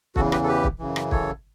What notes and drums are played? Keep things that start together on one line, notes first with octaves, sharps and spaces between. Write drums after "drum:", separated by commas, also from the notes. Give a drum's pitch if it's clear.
E2 C#3 E3 F#4 A4, drum: kick
G4 B4, drum: rim click
A4
G4 B4
drum: kick
F#2 C#3 E3
drum: rim click
A4 C#5, drum: kick